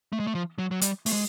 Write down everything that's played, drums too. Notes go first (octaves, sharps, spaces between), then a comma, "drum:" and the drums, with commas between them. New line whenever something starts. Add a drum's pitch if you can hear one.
A3
G#3
A3
F3
F#3
F#3
G3, drum: hi-hat
A3, drum: open hi-hat
G#3